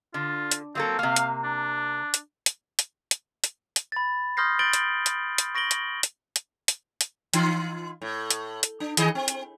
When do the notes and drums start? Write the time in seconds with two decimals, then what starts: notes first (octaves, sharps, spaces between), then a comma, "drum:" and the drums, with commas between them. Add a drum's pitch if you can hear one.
0.14 D3 F4
0.52 drum: hi-hat
0.75 F#3 A#3 C4 A4
0.99 C3 A#3 F5
1.16 drum: hi-hat
1.44 D4
2.14 drum: hi-hat
2.46 drum: hi-hat
2.79 drum: hi-hat
3.11 drum: hi-hat
3.44 drum: hi-hat
3.76 drum: hi-hat
3.92 B5 A6
4.37 C6 D#6 F6 G6 A#6 C7
4.59 G6 A6 D7 F#7 G7
4.73 drum: hi-hat
5.06 drum: hi-hat
5.38 drum: hi-hat
5.55 C#6 A#6 D7 F#7 G7
5.71 drum: hi-hat
6.03 drum: hi-hat
6.36 drum: hi-hat
6.68 drum: hi-hat
7.01 drum: hi-hat
7.34 E3 D#4 F4, drum: hi-hat
8.02 A2
8.30 drum: hi-hat
8.63 drum: hi-hat
8.80 D4
8.97 D#3 G#4 D#5, drum: hi-hat
9.15 C4
9.28 drum: hi-hat